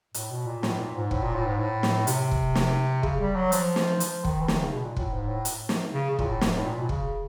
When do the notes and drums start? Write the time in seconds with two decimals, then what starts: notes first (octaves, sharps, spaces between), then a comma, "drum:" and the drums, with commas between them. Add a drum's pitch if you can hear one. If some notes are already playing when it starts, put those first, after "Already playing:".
0.14 A2, drum: hi-hat
0.31 B2
0.46 A#2
0.63 A2, drum: snare
0.78 A#2
0.95 G#2
1.11 A2, drum: kick
1.23 A#2
1.35 A2
1.47 G#2
1.59 A2
1.83 drum: snare
2.07 C3, drum: hi-hat
2.31 drum: kick
2.55 drum: snare
3.03 C#3, drum: kick
3.20 G3
3.35 F#3
3.52 F3, drum: hi-hat
3.76 drum: snare
4.00 F3, drum: hi-hat
4.24 D#3, drum: kick
4.41 E3
4.48 D#3, drum: snare
4.61 C#3
4.73 B2
4.84 A#2
4.96 A2, drum: kick
5.13 G#2
5.29 A2
5.45 drum: hi-hat
5.69 drum: snare
5.94 C#3
6.10 C#3
6.19 A#2, drum: kick
6.26 A2
6.41 G#2, drum: snare
6.53 A2
6.65 A#2
6.77 B2
6.89 C#3, drum: kick